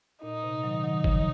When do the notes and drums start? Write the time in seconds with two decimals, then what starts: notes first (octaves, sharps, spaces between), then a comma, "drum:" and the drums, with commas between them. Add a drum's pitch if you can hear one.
0.23 A#2 D#4
0.43 C3
0.63 D#3 F#3
0.84 D#3 F#3
1.04 C#3 F3, drum: kick F#1